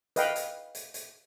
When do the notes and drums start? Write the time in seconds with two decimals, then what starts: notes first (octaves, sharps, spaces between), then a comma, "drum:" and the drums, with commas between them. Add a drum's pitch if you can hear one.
0.16 B4 D#5 F5 G5, drum: hi-hat
0.36 drum: hi-hat
0.75 drum: hi-hat
0.94 drum: hi-hat